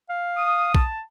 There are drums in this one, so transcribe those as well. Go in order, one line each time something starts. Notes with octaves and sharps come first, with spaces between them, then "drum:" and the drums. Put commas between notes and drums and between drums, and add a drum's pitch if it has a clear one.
F5
D#6
A5, drum: kick